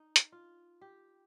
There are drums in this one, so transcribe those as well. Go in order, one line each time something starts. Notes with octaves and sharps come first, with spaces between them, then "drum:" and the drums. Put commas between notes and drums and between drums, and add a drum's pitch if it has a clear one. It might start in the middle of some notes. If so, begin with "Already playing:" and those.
Already playing: D#4
drum: hi-hat
F4
G4